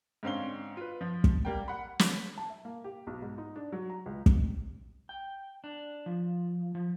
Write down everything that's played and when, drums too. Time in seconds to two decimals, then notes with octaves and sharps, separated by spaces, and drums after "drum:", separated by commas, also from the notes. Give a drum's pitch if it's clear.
0.23 G#2 D3 C4 C#4 F5 G7
0.77 F4 B4
1.01 F3
1.24 drum: kick
1.45 G3 A#3 G5
1.68 F#5 B5
1.99 drum: snare
2.38 A5
2.50 E5
2.65 A#3
2.84 G4
3.07 B1
3.22 G#2
3.38 D#4
3.56 D4
3.72 F#3
3.90 A#5
4.06 C#2
4.26 drum: kick
5.09 G5
5.64 D4
6.06 F3
6.75 F3